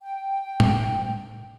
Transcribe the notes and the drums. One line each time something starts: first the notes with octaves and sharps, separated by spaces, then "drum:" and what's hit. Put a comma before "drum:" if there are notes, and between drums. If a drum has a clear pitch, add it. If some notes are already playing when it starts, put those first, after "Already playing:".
G5
drum: tom A2